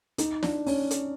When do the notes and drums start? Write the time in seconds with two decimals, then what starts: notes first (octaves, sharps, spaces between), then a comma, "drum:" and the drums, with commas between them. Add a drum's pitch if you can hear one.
0.18 D#4, drum: hi-hat
0.43 D4, drum: snare
0.66 C#4, drum: open hi-hat
0.91 drum: hi-hat